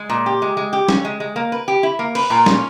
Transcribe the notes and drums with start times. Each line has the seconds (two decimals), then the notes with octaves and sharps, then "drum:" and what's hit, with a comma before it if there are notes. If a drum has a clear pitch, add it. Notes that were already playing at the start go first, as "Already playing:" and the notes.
Already playing: G#3
0.10 A#2
0.26 G4
0.42 G#3
0.57 G#3
0.73 G4
0.89 C#4, drum: snare
1.05 G#3
1.20 G#3
1.36 A#3
1.52 B4
1.68 G4
1.83 E4
1.99 A#3
2.15 B4, drum: cymbal
2.30 A#2
2.46 C#4, drum: snare